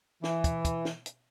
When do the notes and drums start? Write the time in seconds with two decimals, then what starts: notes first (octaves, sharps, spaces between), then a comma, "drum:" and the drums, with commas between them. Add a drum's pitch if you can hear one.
0.24 E3, drum: snare
0.44 drum: kick, hi-hat
0.65 drum: kick, hi-hat
0.85 drum: snare
1.06 drum: hi-hat